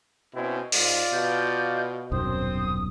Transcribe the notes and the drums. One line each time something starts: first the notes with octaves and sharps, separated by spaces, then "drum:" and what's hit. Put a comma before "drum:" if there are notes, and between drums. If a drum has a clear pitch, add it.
B2 C4 C#4 E4
G#2 F4 D5 F5, drum: open hi-hat
B2 G6
D#1 B1 F#2 C4 C5 D#6